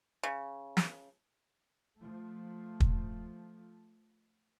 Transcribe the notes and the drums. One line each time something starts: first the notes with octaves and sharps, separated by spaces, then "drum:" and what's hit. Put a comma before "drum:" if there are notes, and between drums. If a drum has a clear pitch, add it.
C#3
drum: snare
F3 A3
drum: kick